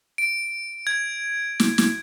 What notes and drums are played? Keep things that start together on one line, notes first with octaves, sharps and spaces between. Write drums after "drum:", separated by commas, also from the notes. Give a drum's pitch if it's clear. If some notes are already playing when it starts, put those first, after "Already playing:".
D7
G#6
drum: snare
drum: snare